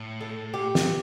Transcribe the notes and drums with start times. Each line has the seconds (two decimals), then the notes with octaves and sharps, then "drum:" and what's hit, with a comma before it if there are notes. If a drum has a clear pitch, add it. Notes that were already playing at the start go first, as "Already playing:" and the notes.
Already playing: A2
0.21 A4
0.54 G4
0.75 drum: snare